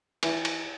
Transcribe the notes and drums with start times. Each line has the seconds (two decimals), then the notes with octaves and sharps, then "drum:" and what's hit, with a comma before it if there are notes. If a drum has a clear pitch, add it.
0.23 E3, drum: cymbal
0.45 drum: cymbal